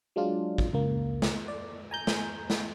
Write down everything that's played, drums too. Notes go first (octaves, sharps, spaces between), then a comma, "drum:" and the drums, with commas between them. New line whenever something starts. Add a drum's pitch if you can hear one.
F#3 G#3 D4 F4
drum: kick
C#2 A#3
drum: snare
D5
G#5 A#5 G6
drum: snare
drum: snare